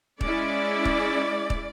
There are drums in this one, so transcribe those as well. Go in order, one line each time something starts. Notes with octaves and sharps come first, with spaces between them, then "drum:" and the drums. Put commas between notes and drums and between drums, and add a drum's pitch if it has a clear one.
G#3 C#4 E4 D5, drum: kick
drum: kick
drum: kick